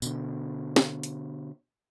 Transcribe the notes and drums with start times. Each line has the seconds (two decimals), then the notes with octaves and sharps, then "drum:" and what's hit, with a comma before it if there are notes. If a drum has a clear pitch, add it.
0.02 B2 D3, drum: tambourine
0.76 drum: snare
1.03 drum: hi-hat